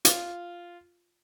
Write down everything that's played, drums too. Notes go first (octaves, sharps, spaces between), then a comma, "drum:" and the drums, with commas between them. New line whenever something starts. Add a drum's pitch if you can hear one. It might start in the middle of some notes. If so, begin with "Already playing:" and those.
F4, drum: hi-hat